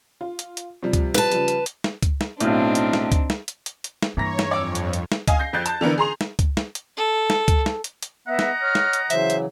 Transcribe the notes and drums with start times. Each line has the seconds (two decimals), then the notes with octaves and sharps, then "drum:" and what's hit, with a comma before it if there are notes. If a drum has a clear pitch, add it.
0.21 F4
0.39 drum: hi-hat
0.57 drum: hi-hat
0.83 C3 F3 G3
0.93 drum: kick, hi-hat
1.14 B4 A5, drum: snare
1.32 C#3 F3 G3, drum: hi-hat
1.48 drum: hi-hat
1.66 drum: hi-hat
1.84 drum: snare
2.03 drum: kick, hi-hat
2.21 drum: snare
2.40 B1 A2 C4 D4 D#4, drum: hi-hat
2.75 drum: hi-hat
2.93 drum: snare
3.12 drum: kick, hi-hat
3.30 drum: snare
3.48 drum: hi-hat
3.66 drum: hi-hat
3.84 drum: hi-hat
4.02 drum: snare
4.17 G2 E3 A#3 C#5 A#5 A#6
4.39 drum: snare
4.51 F2 D5 D6 E6
4.75 drum: hi-hat
4.93 drum: hi-hat
5.12 drum: snare
5.28 D#5 F5 G#5, drum: kick, hi-hat
5.39 G6 A#6 C7
5.53 F2 F#6 G6 A6
5.66 A5, drum: hi-hat
5.81 D3 E3 B3 A#4
5.98 G#4 A#5 C6 F7
6.21 drum: snare
6.39 drum: kick, hi-hat
6.57 drum: snare
6.75 drum: hi-hat
6.97 A4
7.30 drum: snare
7.48 drum: kick, hi-hat
7.66 drum: snare
7.84 drum: hi-hat
8.02 drum: hi-hat
8.28 B3 D#5 E5 F#5 A#5
8.39 drum: snare
8.62 C#5 F6
8.75 drum: snare
8.93 drum: hi-hat
9.10 C#3 E3 F#3 C5 E5, drum: hi-hat
9.30 drum: hi-hat